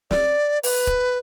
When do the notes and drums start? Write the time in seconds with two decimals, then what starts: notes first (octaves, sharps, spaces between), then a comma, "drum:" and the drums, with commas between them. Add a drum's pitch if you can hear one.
0.11 D5, drum: snare
0.63 B4, drum: open hi-hat
0.87 drum: kick